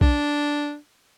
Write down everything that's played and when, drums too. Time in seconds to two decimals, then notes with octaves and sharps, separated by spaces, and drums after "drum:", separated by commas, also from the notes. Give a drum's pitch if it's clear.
0.01 D4, drum: kick B1